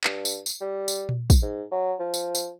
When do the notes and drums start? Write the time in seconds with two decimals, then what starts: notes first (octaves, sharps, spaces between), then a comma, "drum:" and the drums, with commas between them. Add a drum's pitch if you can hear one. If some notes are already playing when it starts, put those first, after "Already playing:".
0.04 G2, drum: clap
0.25 drum: tambourine
0.46 drum: tambourine
0.61 G3
0.88 drum: tambourine
1.09 drum: tom A#2
1.30 drum: kick, tambourine
1.42 G#2
1.72 F#3
2.00 F3
2.14 drum: tambourine
2.35 drum: tambourine